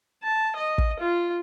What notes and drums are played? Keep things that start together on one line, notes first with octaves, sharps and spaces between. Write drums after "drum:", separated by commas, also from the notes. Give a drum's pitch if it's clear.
A5
D#5
drum: kick
F4